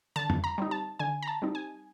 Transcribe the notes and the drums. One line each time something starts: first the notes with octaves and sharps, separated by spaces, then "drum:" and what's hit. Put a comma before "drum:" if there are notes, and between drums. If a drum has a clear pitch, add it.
D3 A5
drum: tom
A#5
G3 C4 D#4
A5
D3 G#5
A#5
A5
G3 C4 D#4
G#5